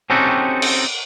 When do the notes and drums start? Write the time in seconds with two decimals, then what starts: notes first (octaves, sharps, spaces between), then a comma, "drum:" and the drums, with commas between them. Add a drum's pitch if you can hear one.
0.10 C4 C#4 D#4 F#4 G4 A4
0.62 drum: cymbal